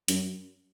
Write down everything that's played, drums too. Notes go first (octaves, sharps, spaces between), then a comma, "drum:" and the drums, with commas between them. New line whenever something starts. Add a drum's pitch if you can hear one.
F#2, drum: hi-hat